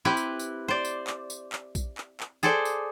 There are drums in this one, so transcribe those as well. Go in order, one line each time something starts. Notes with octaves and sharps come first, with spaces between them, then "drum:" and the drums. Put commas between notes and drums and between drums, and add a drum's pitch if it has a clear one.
C4 E4 G4 B4
drum: tambourine
drum: tambourine
C5 D5
drum: tambourine
drum: clap
drum: tambourine
drum: clap
drum: kick A#1, tambourine
drum: clap
drum: clap
G#4 A4 C5 D5, drum: tambourine
drum: tambourine